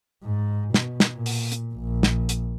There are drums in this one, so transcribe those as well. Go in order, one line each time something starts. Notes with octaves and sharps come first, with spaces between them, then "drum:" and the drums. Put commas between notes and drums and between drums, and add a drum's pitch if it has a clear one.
G#2
B2, drum: snare
drum: snare
A#2
drum: open hi-hat
drum: hi-hat
A#1
drum: snare
drum: hi-hat